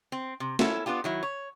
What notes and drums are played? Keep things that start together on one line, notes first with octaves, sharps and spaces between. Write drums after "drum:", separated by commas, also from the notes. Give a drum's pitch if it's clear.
C4
C3
C#4 E4 A4, drum: snare
B3 D4 F4 G4
D#3 F#3 E4
C#5